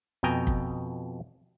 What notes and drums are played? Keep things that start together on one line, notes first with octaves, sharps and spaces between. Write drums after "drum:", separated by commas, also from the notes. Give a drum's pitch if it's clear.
F2 B2 G5 G#5 A#5
drum: kick